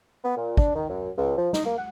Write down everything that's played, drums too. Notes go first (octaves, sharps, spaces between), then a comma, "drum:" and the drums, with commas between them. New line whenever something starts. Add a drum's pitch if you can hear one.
B3
A#2
D4, drum: kick
D#3
F#2
C#2
F3
D#4, drum: snare
A#3
F#5